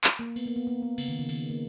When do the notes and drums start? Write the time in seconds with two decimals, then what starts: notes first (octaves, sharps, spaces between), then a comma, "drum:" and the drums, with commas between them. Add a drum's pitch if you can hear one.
0.04 drum: clap
0.19 A#3
0.36 B3, drum: cymbal
0.46 A#3
0.56 B3
0.67 A#3
0.83 B3
0.98 C#3, drum: cymbal
1.08 D#3
1.19 C#3
1.29 D#3, drum: cymbal
1.50 A#3